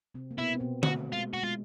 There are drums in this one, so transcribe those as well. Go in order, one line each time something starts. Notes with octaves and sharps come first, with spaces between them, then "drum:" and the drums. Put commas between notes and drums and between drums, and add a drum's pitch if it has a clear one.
C3 C4
A#3
B2 B3 E4
C4
B2 B3
A3 F#4, drum: tom
G#3 F4
F#4
G#3 F4